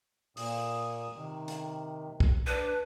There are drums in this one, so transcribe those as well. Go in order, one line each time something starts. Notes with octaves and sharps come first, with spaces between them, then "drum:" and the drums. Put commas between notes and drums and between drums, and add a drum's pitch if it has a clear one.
A#2 D#6, drum: open hi-hat
C3 D#3
drum: hi-hat
drum: kick
D4 B4